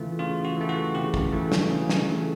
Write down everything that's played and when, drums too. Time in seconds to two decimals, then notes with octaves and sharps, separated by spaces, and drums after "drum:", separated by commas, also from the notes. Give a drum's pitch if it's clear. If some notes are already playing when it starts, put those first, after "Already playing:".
Already playing: C#3 E3 A3 F4
0.19 C#3 F4
0.45 F#4
0.57 E3 A3
0.69 F#4
0.95 C#3 G4
1.14 drum: kick
1.33 E3 A3
1.52 drum: snare
1.70 C#3 G#4
1.89 drum: snare
2.09 E3 A3